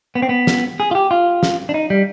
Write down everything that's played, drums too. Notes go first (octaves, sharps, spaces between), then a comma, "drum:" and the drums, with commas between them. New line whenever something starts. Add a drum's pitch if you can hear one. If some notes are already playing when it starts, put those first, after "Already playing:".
B3
C4
B3
drum: snare
G#4
F4
G4
F4
drum: snare
D4
D#4
G3